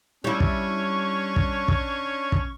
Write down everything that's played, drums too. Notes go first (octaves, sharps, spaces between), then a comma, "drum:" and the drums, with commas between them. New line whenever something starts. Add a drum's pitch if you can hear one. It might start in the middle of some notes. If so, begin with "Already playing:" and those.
G3 C#4 D4 E4 C#5 C#6
drum: kick
drum: kick
drum: kick
drum: kick